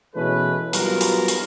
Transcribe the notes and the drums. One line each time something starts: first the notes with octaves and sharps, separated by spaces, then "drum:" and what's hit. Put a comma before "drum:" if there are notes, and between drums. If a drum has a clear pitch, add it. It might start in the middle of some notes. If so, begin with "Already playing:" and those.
B2 E3 G#3 A3 C#4 B4
F#3 G3 B3 F4 F#4 A#4, drum: hi-hat
drum: hi-hat
drum: hi-hat